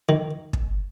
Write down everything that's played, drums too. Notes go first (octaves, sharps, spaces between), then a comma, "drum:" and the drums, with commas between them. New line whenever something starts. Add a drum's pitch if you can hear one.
D#3
drum: kick